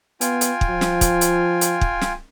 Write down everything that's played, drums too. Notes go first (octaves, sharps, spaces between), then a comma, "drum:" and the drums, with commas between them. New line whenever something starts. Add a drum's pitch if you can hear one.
B3 F4 G5 G#5, drum: hi-hat
drum: hi-hat
drum: kick
F3
drum: snare
drum: kick, hi-hat
drum: hi-hat
drum: hi-hat
drum: kick
drum: snare